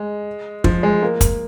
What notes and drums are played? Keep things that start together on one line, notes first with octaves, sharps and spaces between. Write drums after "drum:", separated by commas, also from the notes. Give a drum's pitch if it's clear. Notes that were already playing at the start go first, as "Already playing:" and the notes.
Already playing: G#3
F3, drum: kick
G#3
A#3
drum: kick, hi-hat